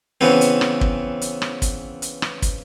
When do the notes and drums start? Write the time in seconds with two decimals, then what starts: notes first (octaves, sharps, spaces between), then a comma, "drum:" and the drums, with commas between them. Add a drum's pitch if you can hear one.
0.21 C#3 E3 B3 C4
0.41 drum: hi-hat
0.61 drum: rim click
0.81 drum: kick
1.22 drum: hi-hat
1.42 drum: rim click
1.62 drum: kick, hi-hat
2.02 drum: hi-hat
2.22 drum: rim click
2.42 drum: kick, hi-hat